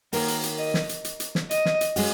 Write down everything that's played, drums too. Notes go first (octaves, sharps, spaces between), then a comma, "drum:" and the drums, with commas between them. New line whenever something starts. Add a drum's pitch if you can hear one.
D#3 A#3 F#4 A#4 C#5, drum: open hi-hat
drum: hi-hat
drum: hi-hat
D#5
drum: snare
drum: hi-hat
drum: hi-hat
drum: hi-hat
drum: snare
D#5, drum: hi-hat
drum: snare
drum: hi-hat
G#3 C#4 F#4, drum: open hi-hat